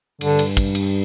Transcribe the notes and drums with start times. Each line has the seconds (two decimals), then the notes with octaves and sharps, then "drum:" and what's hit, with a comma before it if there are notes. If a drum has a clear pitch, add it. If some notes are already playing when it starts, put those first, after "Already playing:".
0.21 G2 D3, drum: cymbal
0.39 drum: cymbal
0.57 drum: kick, cymbal
0.75 drum: cymbal